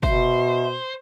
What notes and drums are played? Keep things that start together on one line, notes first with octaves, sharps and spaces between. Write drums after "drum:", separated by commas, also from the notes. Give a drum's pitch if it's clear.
B2 C5 E5, drum: kick